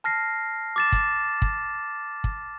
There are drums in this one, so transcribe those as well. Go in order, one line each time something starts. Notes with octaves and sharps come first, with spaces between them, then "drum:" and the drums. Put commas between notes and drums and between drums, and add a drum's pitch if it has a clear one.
A5 F6 A#6 C7
D6 A6 E7
drum: kick
drum: kick
drum: kick